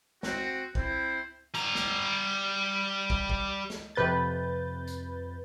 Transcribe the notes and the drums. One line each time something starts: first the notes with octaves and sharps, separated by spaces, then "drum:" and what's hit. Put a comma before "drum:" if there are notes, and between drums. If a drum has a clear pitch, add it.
C4 F#4, drum: snare
C4 E4 C5, drum: kick
G3 A#5, drum: hi-hat
drum: snare
drum: kick
drum: kick
drum: snare
F2 C3 B4 G6 A6
drum: hi-hat